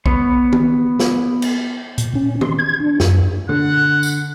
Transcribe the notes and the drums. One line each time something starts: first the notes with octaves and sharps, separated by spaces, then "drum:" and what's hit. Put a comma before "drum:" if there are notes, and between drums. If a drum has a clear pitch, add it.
B3 B4 C#5, drum: kick B1
drum: tom
drum: snare
drum: cymbal
A#2, drum: hi-hat
C#4
C6, drum: tom
G#6
D4
F#2, drum: snare
D3 F#5 F#6
drum: tambourine